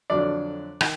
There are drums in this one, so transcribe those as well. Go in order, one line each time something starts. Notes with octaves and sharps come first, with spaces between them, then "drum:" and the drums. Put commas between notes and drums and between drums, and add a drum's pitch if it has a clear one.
F2 D3 F#3 D4 D5
D#3, drum: rim click